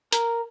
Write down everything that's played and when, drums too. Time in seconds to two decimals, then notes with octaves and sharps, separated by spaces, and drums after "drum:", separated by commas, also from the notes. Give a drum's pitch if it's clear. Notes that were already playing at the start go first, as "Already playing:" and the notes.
0.12 A#4, drum: hi-hat